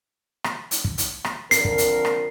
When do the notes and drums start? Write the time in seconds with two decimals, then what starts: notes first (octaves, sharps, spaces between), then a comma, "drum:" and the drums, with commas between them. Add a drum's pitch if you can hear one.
0.44 drum: rim click
0.71 drum: hi-hat
0.84 drum: kick
0.98 drum: hi-hat
1.24 drum: rim click
1.51 F2 D3 A#4 C7, drum: hi-hat
1.65 drum: kick
1.78 drum: hi-hat
2.05 drum: rim click